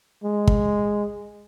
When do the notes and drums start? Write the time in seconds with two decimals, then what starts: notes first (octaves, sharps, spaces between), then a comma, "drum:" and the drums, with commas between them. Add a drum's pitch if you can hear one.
0.24 G#3
0.47 drum: kick